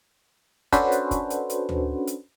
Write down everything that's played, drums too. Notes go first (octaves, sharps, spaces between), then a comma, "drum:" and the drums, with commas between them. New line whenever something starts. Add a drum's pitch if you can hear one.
C#4 D4 F#4 A4 B4 C5, drum: kick, hi-hat
drum: hi-hat
drum: kick, hi-hat
drum: hi-hat
drum: hi-hat
drum: tom D2
drum: hi-hat